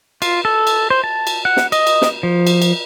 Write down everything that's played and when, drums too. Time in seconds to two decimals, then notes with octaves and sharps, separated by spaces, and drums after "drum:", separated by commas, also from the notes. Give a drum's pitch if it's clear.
0.22 F4, drum: cymbal
0.45 A4
0.67 drum: cymbal
0.90 C5
1.04 A5
1.27 drum: cymbal
1.45 F#5
1.57 drum: snare
1.72 D#5, drum: cymbal
1.87 drum: cymbal
2.02 drum: snare
2.23 F3
2.47 drum: cymbal
2.62 drum: cymbal